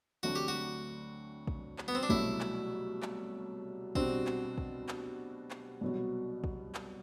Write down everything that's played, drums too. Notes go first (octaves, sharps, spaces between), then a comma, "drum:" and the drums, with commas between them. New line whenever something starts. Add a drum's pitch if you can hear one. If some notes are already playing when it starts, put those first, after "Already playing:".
D2 D3 F#3 A3 C4 F#4
G4
F#4
drum: kick
drum: clap
B3
C4
D4
C2 B2 F#3 A3 E4, drum: kick
drum: clap
drum: clap
B2 G3 C4 D4 F#4, drum: kick
drum: clap
drum: kick
drum: clap
drum: clap
C2 B2 F#3 B3 F#4
drum: kick
drum: clap